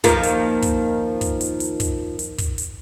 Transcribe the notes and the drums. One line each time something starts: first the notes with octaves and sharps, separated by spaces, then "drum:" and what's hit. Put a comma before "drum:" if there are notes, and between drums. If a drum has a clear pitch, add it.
D#3 F3 A#3, drum: kick, hi-hat
drum: hi-hat
drum: kick, hi-hat
drum: kick, hi-hat
drum: hi-hat
drum: hi-hat
drum: kick, hi-hat
drum: hi-hat
drum: kick, hi-hat
drum: hi-hat